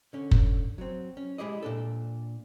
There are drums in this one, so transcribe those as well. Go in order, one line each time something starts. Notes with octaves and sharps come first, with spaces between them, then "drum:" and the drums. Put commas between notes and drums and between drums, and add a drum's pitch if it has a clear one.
D3 C#4
drum: kick
F#3 C4
C#4
G#3 E4 G4 G#4 D5 D#5
A#2 D4 A4